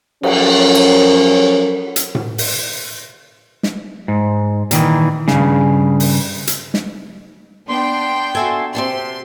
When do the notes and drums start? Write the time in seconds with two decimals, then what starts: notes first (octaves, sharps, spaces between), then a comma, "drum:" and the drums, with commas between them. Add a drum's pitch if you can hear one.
0.23 F3 F#3 C#4 A4 A#4, drum: cymbal
0.75 drum: cymbal
1.96 drum: hi-hat
2.15 drum: tom A2
2.38 drum: open hi-hat
3.63 drum: snare
4.08 G#2
4.71 A#2 D#3 E3, drum: hi-hat
5.28 G2 C#3, drum: snare
6.00 drum: open hi-hat
6.47 drum: hi-hat
6.74 drum: snare
7.69 B3 D4 G5 C6
8.35 F#4 A4 E5 G#5 C6
8.75 C3 C4 G4 A4 C6